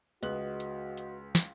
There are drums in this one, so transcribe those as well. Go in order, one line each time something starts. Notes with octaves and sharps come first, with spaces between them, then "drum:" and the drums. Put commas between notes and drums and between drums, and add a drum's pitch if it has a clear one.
C#2 F#4 G#4 B4 D#5 F#6 F#7, drum: hi-hat
drum: hi-hat
drum: hi-hat
drum: snare